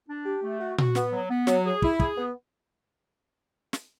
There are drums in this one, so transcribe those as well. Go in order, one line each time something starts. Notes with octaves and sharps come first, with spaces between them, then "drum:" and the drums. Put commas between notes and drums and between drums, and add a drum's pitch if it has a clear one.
D4
G4
A3
F#4
F#4, drum: tom A#2
B3, drum: snare
F#3
B3
F#3, drum: snare
G#4
E4, drum: kick
G#4, drum: kick
B3
drum: snare